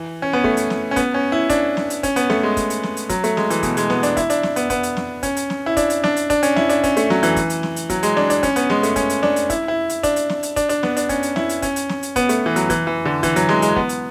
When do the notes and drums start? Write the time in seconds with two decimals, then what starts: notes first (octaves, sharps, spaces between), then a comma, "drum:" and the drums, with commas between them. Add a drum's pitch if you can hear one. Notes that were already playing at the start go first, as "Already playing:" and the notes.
Already playing: E3
0.22 C#4
0.33 B3
0.44 A3, drum: kick
0.57 drum: hi-hat
0.70 drum: snare
0.91 C#4
0.96 B3, drum: kick, hi-hat
1.14 C#4
1.32 E4
1.50 D4, drum: kick, hi-hat
1.77 drum: snare
1.90 drum: hi-hat
2.03 C#4, drum: kick, hi-hat
2.16 B3, drum: hi-hat
2.30 A3, drum: snare
2.43 G#3
2.57 drum: kick, hi-hat
2.70 drum: hi-hat
2.83 drum: snare
2.97 drum: hi-hat
3.09 F#3, drum: kick, hi-hat
3.24 A3, drum: hi-hat
3.37 G#3, drum: snare
3.50 E3, drum: hi-hat
3.63 B2, drum: kick, hi-hat
3.77 G#3, drum: hi-hat
3.90 B3, drum: snare
4.03 D4, drum: hi-hat
4.17 E4, drum: kick, hi-hat
4.30 D4, drum: hi-hat
4.43 drum: snare
4.56 B3, drum: hi-hat
4.70 B3, drum: kick, hi-hat
4.83 drum: hi-hat
4.97 drum: snare
5.23 C#4, drum: kick, hi-hat
5.37 drum: hi-hat
5.50 drum: snare
5.66 E4
5.77 D4, drum: kick, hi-hat
5.90 drum: hi-hat
6.04 D4, drum: snare
6.16 drum: hi-hat
6.30 D4, drum: kick, hi-hat
6.43 C#4, drum: hi-hat
6.56 E4, drum: snare
6.69 D4, drum: hi-hat
6.83 C#4, drum: kick, hi-hat
6.97 A3, drum: hi-hat
7.10 F#3, drum: snare
7.23 E3, drum: hi-hat
7.36 drum: kick, hi-hat
7.50 drum: hi-hat
7.63 drum: snare
7.76 drum: hi-hat
7.90 F#3, drum: kick, hi-hat
8.03 G#3, drum: hi-hat
8.17 D4, drum: snare
8.30 D4, drum: hi-hat
8.43 C#4, drum: kick, hi-hat
8.56 B3, drum: hi-hat
8.70 G#3, drum: snare
8.83 A3, drum: hi-hat
8.96 C#4, drum: kick, hi-hat
9.10 drum: hi-hat
9.23 D4, drum: snare
9.36 drum: hi-hat
9.50 E4, drum: kick, hi-hat
9.68 E4
9.89 drum: hi-hat
10.03 D4, drum: kick, hi-hat
10.16 drum: hi-hat
10.29 drum: snare
10.43 drum: hi-hat
10.56 D4, drum: kick, hi-hat
10.69 D4, drum: hi-hat
10.83 B3, drum: snare
10.97 D4, drum: hi-hat
11.09 C#4, drum: kick, hi-hat
11.23 drum: hi-hat
11.36 E4, drum: snare
11.49 drum: hi-hat
11.62 C#4, drum: kick, hi-hat
11.76 drum: hi-hat
11.89 drum: snare
12.03 drum: hi-hat
12.16 B3, drum: kick, hi-hat
12.29 A3, drum: hi-hat
12.46 E3
12.56 F#3, drum: hi-hat
12.70 E3, drum: kick, hi-hat
12.87 E3
13.05 D3
13.23 E3, drum: kick, hi-hat
13.36 F#3, drum: hi-hat
13.49 G#3, drum: snare
13.62 G#3, drum: hi-hat
13.76 B3, drum: kick
13.89 drum: hi-hat